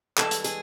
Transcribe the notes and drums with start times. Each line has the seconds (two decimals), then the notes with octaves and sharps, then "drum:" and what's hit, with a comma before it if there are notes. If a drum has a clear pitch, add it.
0.18 G2 E3 G#3 A4, drum: clap
0.31 drum: hi-hat
0.44 G#4, drum: hi-hat